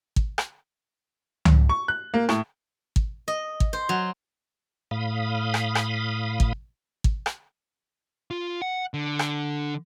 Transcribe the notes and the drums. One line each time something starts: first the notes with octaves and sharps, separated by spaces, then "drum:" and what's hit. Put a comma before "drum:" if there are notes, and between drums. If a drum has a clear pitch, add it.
drum: kick
drum: rim click
drum: tom C#2
C#6
F#6
A#3
A2, drum: rim click
drum: kick
D#5
drum: kick
C5
F#3
A2 F5 B5 D#6
drum: rim click
drum: rim click
drum: kick
drum: kick
drum: rim click
F4
F#5
D3
drum: rim click